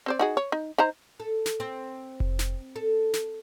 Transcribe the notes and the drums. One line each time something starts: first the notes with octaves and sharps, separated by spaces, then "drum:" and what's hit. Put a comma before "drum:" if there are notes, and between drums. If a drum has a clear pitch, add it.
C4 C5 D5
D#4 F#4 G#4
C#5
D#4
D#4 C5 A#5
A4
drum: snare
C4
drum: kick F1
drum: snare
A4
drum: snare